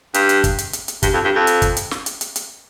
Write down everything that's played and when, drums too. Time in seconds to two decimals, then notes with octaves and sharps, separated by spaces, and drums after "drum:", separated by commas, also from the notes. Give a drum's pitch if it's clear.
0.14 G2, drum: hi-hat
0.29 drum: hi-hat
0.44 drum: kick, hi-hat
0.58 drum: hi-hat
0.73 drum: hi-hat
0.88 drum: hi-hat
1.03 G2, drum: kick, hi-hat
1.13 F2
1.25 G2
1.36 F2
1.47 drum: hi-hat
1.62 drum: kick, hi-hat
1.77 drum: hi-hat
1.91 drum: snare
2.06 drum: hi-hat
2.21 drum: hi-hat
2.36 drum: hi-hat